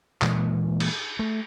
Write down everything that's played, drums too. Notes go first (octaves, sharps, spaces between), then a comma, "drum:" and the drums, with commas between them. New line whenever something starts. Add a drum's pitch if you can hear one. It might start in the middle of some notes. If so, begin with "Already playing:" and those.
A#2 E3 G#3 A#3, drum: clap
drum: cymbal
A3